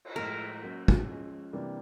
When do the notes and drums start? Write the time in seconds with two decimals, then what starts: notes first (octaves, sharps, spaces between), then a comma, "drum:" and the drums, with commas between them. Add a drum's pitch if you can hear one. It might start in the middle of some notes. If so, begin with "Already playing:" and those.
0.05 drum: cymbal
0.16 A2 F3 G#3 A#4
0.62 F#3 A#3 C#4
0.88 drum: kick
1.07 F3 G#3 C#4
1.53 C3 E3 G3 A#3 D4